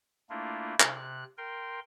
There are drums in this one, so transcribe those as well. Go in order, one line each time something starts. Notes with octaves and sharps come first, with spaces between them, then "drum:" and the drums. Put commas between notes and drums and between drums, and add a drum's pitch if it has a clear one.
A3 A#3 D4 E4 F4
C3 F#6, drum: clap
A#4 G5 C6